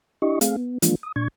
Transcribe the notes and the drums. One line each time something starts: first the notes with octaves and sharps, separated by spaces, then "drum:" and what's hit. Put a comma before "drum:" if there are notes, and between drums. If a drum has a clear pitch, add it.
D4 E4 G4 D#5 C#6
A3 C4 G#4 F5, drum: hi-hat
B3
E3 F3 G#3 A#3 D4 F4, drum: hi-hat
D#6
A#2 D4 C#6 G#6